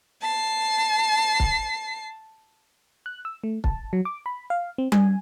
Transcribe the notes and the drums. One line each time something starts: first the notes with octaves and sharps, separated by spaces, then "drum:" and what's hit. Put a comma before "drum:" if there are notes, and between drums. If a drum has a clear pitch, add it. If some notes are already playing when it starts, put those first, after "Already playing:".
A5 C7
drum: kick
F#6
E6
A3
A5, drum: kick
F#3
D6
B5
F5
C4
G#5, drum: tom G3